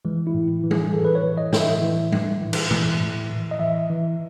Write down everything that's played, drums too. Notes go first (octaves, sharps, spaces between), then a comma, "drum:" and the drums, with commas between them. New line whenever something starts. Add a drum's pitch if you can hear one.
E3 G#3
E4
A2
E3
G#4, drum: tom G3
E3 A4
B4
C#5
E3
D#5
A2, drum: snare
E5
E3
A2, drum: tom G3
E3
drum: cymbal
E3, drum: tom A#2
A2
E3
D#5
E3 E5
E3